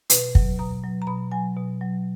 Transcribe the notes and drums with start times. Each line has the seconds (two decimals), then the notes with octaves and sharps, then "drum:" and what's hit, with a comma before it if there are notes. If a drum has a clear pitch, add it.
0.10 B2 B4, drum: hi-hat
0.35 F#3, drum: kick
0.59 B2 A#5
0.84 F#3
1.02 A#5
1.07 B2 B5
1.32 F#3 G#5
1.57 B2
1.81 F#3